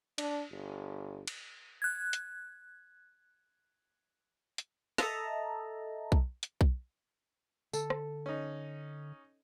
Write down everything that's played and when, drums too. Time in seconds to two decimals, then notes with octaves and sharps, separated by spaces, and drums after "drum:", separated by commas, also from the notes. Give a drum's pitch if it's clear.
0.18 D4, drum: cymbal
0.50 G1
1.27 drum: cymbal
1.82 F#6 G#6
2.13 drum: hi-hat
4.58 drum: hi-hat
4.98 A4 D#5 E5 A5 A#5, drum: snare
6.12 drum: kick B1
6.43 drum: hi-hat
6.61 drum: kick B1
7.73 D3 A4, drum: tambourine
7.90 drum: rim click
8.26 C#4 D#4